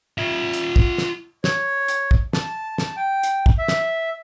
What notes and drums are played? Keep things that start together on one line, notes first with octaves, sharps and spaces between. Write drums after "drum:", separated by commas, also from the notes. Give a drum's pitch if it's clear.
F4 E5
drum: hi-hat
drum: kick
drum: snare
C#5, drum: snare
drum: hi-hat
drum: kick
A5, drum: snare
drum: snare
G5
drum: hi-hat
drum: kick
E5
drum: snare